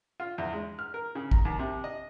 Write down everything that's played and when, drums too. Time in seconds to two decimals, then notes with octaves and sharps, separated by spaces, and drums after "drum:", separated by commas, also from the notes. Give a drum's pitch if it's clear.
0.20 F4
0.38 E2
0.53 G#3
0.79 F6
0.94 A#4
1.15 C#3
1.31 A#5, drum: kick A1
1.45 D#2
1.59 C3
1.84 D#5